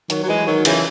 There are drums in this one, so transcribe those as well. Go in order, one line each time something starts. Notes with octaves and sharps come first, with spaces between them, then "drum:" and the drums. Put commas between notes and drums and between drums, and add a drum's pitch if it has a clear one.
D#3 F#3, drum: hi-hat
F#3
E3 G#3
D#3 F#3
C#3 E3, drum: cymbal